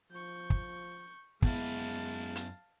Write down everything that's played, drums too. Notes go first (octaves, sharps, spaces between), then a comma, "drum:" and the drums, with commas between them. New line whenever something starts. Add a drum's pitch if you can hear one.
F3 C#6 G6
drum: kick
F#2 G#3 B3 E4 F5 A5, drum: kick
drum: hi-hat